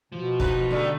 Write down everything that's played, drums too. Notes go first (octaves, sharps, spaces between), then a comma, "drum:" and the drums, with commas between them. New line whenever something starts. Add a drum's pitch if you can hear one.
B2 F3
B3 D#4 B4, drum: kick
D3 G3 A3 D#4